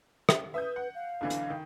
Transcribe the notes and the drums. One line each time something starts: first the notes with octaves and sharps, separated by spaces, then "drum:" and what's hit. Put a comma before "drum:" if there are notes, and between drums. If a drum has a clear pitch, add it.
drum: rim click
B4 E5 D#6 G6
F#5
F5
B1 D3 E3
drum: hi-hat
D#3